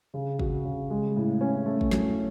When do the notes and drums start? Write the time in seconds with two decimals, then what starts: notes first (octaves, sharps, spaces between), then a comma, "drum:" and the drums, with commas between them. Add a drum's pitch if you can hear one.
0.14 C#3
0.39 F#4, drum: kick
0.65 C#3
0.90 G#3
1.16 A2
1.41 C#4
1.66 A3
1.81 drum: kick
1.91 F#3, drum: snare